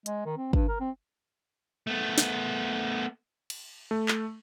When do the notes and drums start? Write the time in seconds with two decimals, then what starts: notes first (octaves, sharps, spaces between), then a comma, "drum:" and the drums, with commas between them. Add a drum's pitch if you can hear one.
0.06 G#3, drum: hi-hat
0.26 D#3
0.38 C4
0.53 G2, drum: kick
0.68 A#4
0.80 C4
1.87 A3 B3
2.18 drum: snare
3.50 drum: cymbal
3.91 A3
4.08 drum: clap